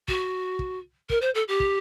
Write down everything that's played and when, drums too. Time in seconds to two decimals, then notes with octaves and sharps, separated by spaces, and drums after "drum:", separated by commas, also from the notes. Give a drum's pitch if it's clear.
0.08 F#4, drum: kick
0.59 drum: kick
1.10 A#4, drum: kick
1.21 C5
1.35 A4
1.48 G4
1.60 drum: kick